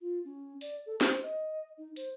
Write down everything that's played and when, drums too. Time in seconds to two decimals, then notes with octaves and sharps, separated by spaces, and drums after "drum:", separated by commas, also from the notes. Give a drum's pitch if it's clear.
0.01 F4
0.25 C#4
0.61 D5, drum: open hi-hat
0.86 A4
1.01 C5, drum: snare
1.23 D#5
1.78 D#4
1.96 C5, drum: hi-hat